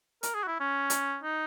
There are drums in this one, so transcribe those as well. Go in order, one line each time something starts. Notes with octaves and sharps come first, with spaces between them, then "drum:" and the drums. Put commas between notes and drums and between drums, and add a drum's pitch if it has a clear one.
A#4, drum: hi-hat
G#4
F#4
E4
C#4
drum: hi-hat
D#4